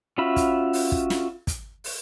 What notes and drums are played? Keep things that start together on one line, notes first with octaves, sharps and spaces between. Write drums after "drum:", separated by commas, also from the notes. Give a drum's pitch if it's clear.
C#4 F4 F#4 E5 B5
drum: kick, hi-hat
drum: open hi-hat
drum: kick
drum: snare
drum: kick, hi-hat
drum: open hi-hat